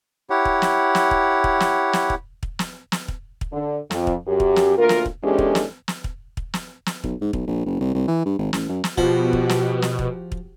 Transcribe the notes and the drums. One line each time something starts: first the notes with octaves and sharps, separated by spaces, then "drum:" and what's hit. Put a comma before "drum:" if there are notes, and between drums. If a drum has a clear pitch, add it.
E4 G4 C#5 F#5
drum: kick
drum: snare
drum: snare
drum: kick
drum: kick
drum: snare
drum: snare
drum: kick
drum: kick
drum: snare
drum: snare
drum: kick
drum: kick
D3
F2, drum: snare
drum: kick
F#2 G4
drum: kick
drum: snare
D2 A#3 F4 A#4
drum: snare
drum: kick
E2 G#3 C#4 D4 G4 A4
drum: kick
drum: snare
drum: snare
drum: kick
drum: kick
drum: snare
drum: snare
B1, drum: kick
G#2
B1, drum: kick
A#1
F#1
C2
C2
E3
G2
G#1
A1, drum: snare
F#2
drum: snare
B2 F3 F#4 G4, drum: kick
drum: kick
drum: snare
drum: snare
drum: kick
drum: kick